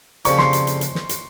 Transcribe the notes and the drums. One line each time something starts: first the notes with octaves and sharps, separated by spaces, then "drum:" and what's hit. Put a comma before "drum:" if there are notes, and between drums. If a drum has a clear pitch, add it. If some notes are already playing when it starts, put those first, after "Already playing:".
F2 C#3 G3 A#3 C#6, drum: hi-hat
C6, drum: snare
drum: hi-hat
drum: hi-hat
drum: hi-hat
drum: snare
drum: hi-hat